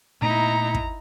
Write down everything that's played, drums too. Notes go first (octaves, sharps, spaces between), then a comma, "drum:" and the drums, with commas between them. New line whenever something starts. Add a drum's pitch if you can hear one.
A#2 A3 B3 D#4 E4 A#5
drum: kick